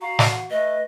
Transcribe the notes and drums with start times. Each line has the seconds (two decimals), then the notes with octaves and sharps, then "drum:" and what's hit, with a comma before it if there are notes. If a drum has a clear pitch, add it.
0.02 F#4 F5 A#5
0.19 drum: snare
0.30 F#5
0.50 A3 B4 D#5